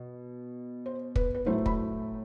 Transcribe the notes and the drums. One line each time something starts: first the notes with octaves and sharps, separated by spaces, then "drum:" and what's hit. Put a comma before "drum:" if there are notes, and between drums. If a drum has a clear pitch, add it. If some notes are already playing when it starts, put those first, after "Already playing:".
Already playing: B2
C5
B4, drum: kick
B4
A2 F#3 A3 E4 C5
B5, drum: kick